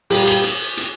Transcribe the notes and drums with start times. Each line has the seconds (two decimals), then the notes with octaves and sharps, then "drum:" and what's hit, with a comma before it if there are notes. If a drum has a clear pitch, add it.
0.10 A#2 G3 G4, drum: open hi-hat
0.27 G4, drum: rim click
0.44 drum: hi-hat
0.77 drum: hi-hat